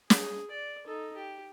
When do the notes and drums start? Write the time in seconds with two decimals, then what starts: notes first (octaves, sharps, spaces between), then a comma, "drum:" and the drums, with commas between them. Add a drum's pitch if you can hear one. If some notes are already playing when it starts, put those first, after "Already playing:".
0.10 G#4, drum: snare
0.50 D5
0.86 D#4 A4
1.17 G4